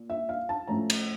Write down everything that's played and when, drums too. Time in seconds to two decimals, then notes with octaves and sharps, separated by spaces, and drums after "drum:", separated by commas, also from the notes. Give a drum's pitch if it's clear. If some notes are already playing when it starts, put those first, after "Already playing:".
Already playing: A#2
0.10 E5
0.29 F5
0.49 A5
0.67 A2 F3 A3 C#4 A#5
0.90 drum: cymbal